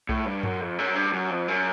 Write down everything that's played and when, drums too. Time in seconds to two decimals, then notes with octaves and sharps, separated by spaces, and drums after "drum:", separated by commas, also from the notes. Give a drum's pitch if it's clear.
0.09 A2, drum: kick B1
0.25 G2
0.43 F#2, drum: tom F#2
0.60 F2
0.79 F#2
0.95 G2
1.13 F#2
1.30 F2
1.48 F#2